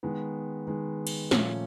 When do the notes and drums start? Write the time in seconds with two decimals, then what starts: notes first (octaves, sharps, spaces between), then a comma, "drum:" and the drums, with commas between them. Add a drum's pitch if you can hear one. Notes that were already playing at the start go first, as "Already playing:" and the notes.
0.03 D#3 G#3 B3
0.67 D#3 G#3 B3
1.07 drum: cymbal
1.31 A#2 F3 A3 C#4, drum: snare